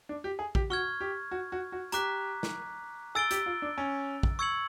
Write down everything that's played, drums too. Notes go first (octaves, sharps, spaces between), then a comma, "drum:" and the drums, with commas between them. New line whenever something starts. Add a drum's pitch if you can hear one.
D4
G4
G#4
G4, drum: kick
F#4 C#6 F6 G#6
G4
F#4
F#4
F#4
G4 A#5 D6 F#6 B6, drum: hi-hat
drum: snare
G#4 E6 A6 D7 G7
G4, drum: hi-hat
F4
D4
C#4
drum: kick
C#6 E6 G#6 C#7 F#7